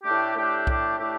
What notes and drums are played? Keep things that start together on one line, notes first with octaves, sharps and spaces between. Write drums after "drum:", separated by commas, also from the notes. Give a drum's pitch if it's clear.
A2 A3 D4 G4
A2 A3 D4 G4
A2 A3 D4 G4, drum: kick B1
A2 A3 D4 G4